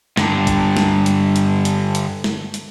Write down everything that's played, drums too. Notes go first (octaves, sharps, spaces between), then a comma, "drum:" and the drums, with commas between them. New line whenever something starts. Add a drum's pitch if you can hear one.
G2 D3, drum: snare
drum: kick, hi-hat
drum: snare
drum: hi-hat
drum: hi-hat
drum: hi-hat
drum: hi-hat
drum: snare
drum: hi-hat